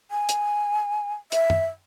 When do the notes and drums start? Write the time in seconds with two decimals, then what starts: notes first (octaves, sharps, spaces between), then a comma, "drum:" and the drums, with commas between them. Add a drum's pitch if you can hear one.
0.11 G#5
0.29 drum: hi-hat
1.32 E5, drum: hi-hat
1.50 drum: tom